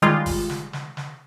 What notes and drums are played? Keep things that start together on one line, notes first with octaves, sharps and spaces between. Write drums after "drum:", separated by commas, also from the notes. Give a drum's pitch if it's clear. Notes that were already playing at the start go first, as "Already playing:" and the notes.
D#3 G3 G#3 F4, drum: hi-hat
drum: kick G1, open hi-hat
drum: snare
drum: snare
drum: snare